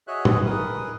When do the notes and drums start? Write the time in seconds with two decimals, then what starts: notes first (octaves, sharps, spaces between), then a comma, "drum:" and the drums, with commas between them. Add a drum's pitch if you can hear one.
0.08 F#4 G#4 C#5 D#5 E5 F#6
0.25 drum: tom
0.46 G#4 A#4 B4 D#6